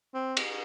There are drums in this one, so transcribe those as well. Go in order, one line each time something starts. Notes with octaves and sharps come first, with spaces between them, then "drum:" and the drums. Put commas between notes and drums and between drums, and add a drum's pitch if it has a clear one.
C4
drum: cymbal